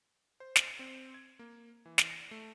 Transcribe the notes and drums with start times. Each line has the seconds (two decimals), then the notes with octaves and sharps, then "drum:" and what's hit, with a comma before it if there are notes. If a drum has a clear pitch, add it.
0.40 C5
0.56 drum: snare
0.79 C4
1.14 G#6
1.39 A#3
1.86 E3
1.98 drum: snare
2.11 A#6
2.31 A3